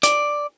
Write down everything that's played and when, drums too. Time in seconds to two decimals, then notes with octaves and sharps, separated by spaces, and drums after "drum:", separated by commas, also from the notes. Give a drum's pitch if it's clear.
0.03 D5, drum: hi-hat